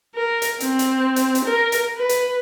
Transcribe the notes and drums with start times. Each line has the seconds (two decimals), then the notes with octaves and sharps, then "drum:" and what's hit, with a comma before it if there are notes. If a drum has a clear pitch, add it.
0.15 A#4
0.42 drum: hi-hat
0.60 C4, drum: hi-hat
0.79 drum: hi-hat
1.16 drum: hi-hat
1.35 drum: hi-hat
1.45 A#4
1.72 drum: hi-hat
1.97 B4
2.09 drum: hi-hat